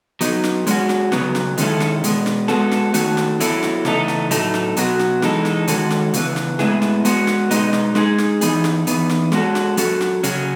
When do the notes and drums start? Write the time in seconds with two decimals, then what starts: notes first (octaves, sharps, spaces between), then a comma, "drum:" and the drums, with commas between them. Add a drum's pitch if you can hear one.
0.21 F#3 B3 D#4, drum: hi-hat
0.44 drum: snare
0.67 G#3 C#4 F#4, drum: hi-hat
0.89 drum: snare
1.12 C#3 F#3 B3, drum: snare
1.35 drum: snare
1.58 D#3 G#3 C#4 E4 A4, drum: hi-hat
1.80 drum: snare
2.04 B2 G#3 B3, drum: hi-hat
2.26 drum: snare
2.48 G#3 B3 F#4 A4, drum: snare
2.71 drum: snare
2.94 D#3 A3 C#4 F#4 A4, drum: hi-hat
3.17 drum: snare
3.40 F#3 B3 E4 A4, drum: hi-hat
3.63 drum: snare
3.85 C#3 E3 A3 D#4 A4, drum: snare
4.08 drum: snare
4.31 A2 F#3 A3 D#4 A4, drum: hi-hat
4.54 drum: snare
4.77 B2 F#3 B3 F#4, drum: hi-hat
4.99 drum: snare
5.22 E3 G#3 D#4 A4, drum: snare
5.45 drum: snare
5.68 D#3 G#3 C#4 F#4 A4, drum: hi-hat
5.90 drum: snare
6.14 C#3 E3 B3, drum: hi-hat
6.36 drum: snare
6.59 A2 G#3 B3 E4 G#4, drum: snare
6.82 drum: snare
7.05 G#3 B3 F#4, drum: hi-hat
7.27 drum: snare
7.51 B2 G#3 B3 D#4, drum: hi-hat
7.73 drum: snare
7.95 G#3 D#4 G#4, drum: snare
8.18 drum: snare
8.41 E3 B3 D#4 G#4, drum: hi-hat
8.64 drum: snare
8.87 E3 B3 D#4, drum: hi-hat
9.09 drum: snare
9.32 G#3 C#4 F#4 A4, drum: snare
9.55 drum: snare
9.77 F#3 C#4 F#4 A4, drum: hi-hat
10.01 drum: snare
10.23 C#3 F#3 C#4 G#4, drum: hi-hat